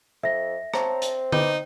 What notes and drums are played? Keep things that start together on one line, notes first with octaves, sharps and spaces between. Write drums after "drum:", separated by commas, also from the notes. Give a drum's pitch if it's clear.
F2 E5 A#6
C4 C#5 A5 A#5, drum: rim click
drum: hi-hat
D#4 B4 G5 D6, drum: tom D3